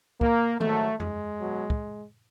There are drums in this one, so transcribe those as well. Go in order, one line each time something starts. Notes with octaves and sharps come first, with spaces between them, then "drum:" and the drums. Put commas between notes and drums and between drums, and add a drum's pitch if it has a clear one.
A#3, drum: kick
G#2 D#3 F#3 A3, drum: tom D#3
G#3, drum: tom E2
B2 F#3
drum: kick